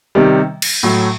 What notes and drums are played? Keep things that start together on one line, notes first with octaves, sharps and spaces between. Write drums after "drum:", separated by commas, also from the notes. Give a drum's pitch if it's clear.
C3 D#3 G3
drum: cymbal
A2 F#3 A3